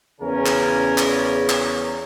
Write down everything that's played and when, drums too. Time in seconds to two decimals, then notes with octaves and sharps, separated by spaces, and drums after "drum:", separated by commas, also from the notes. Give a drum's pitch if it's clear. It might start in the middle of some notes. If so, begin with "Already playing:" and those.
0.20 E2 C#3 C#4 A#4
0.46 drum: clap
0.98 drum: clap
1.49 drum: clap